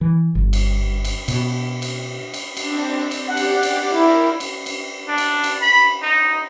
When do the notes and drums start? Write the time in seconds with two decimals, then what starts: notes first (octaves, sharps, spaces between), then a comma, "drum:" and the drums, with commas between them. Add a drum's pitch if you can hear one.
0.01 E3
0.35 G1
0.53 drum: cymbal
1.05 drum: cymbal
1.28 B2, drum: cymbal
1.82 drum: cymbal
2.34 drum: cymbal
2.57 C4 D4, drum: cymbal
3.11 drum: cymbal
3.28 G4 D5 F#5
3.37 drum: cymbal
3.63 drum: cymbal
3.93 E4 A#4
4.40 drum: cymbal
4.66 drum: cymbal
5.09 D4
5.18 drum: cymbal
5.44 drum: cymbal
5.62 B5
6.02 D#4